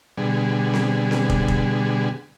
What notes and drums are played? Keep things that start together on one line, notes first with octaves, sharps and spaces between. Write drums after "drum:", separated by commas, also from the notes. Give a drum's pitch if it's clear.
B2 D3 G3 G#4
drum: snare C4
drum: snare C4
drum: kick
drum: kick